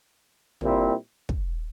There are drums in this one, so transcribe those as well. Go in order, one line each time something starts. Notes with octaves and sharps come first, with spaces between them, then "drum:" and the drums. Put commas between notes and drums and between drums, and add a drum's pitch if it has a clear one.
A#2 G3 C4 E4, drum: tom
drum: kick